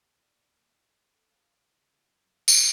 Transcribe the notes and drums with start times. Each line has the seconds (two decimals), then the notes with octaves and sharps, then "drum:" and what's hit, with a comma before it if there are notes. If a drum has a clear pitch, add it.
0.03 D#1
0.22 D5
0.49 D#2
0.65 B6
1.07 A4
1.29 F5
1.56 D7
1.73 C#3
2.05 F#2
2.31 F5
2.48 D#1, drum: tambourine